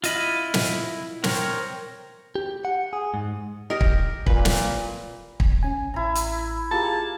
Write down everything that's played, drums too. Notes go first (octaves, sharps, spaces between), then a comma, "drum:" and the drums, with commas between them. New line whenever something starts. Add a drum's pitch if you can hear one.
E4 F4 D#5 B5, drum: hi-hat
drum: snare
A#4 C5 C#5 G5, drum: snare
G4
F#5
G#4
G#2
G4 A#4 D#5
drum: kick
A#2 B4, drum: kick
drum: snare
drum: kick
C#4 G#5
A1 E4 A#5
drum: hi-hat
A#3 F4 G4 G#4 A5